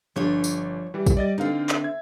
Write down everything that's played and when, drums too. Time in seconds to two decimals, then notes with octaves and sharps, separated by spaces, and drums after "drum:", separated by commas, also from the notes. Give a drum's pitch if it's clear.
0.16 G1 F3 D4 C#5
0.44 drum: tambourine
0.94 E3 G3
1.06 drum: kick, tambourine
1.17 G3 D5 D#5 A6
1.38 D3 C4 D#4 F5
1.69 drum: clap
1.82 E5 G#6